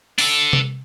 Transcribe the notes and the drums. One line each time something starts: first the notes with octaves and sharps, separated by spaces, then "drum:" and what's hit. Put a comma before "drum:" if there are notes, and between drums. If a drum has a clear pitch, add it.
D4 A4, drum: open hi-hat
drum: tom C3